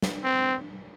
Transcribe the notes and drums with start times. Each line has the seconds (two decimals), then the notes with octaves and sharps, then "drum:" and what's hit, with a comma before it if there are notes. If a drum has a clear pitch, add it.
0.02 drum: snare
0.24 C4